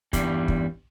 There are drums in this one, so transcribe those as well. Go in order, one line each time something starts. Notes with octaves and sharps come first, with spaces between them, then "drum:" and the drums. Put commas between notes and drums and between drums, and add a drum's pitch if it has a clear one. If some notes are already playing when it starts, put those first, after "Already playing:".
E2 G2 G3, drum: kick, hi-hat
drum: kick